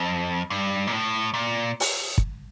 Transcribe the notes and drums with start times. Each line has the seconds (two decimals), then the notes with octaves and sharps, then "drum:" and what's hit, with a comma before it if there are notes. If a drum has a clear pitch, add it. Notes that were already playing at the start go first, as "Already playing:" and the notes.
Already playing: F2
0.50 G2
0.87 A#2
0.92 A2
1.34 A#2
1.80 drum: open hi-hat
2.18 drum: kick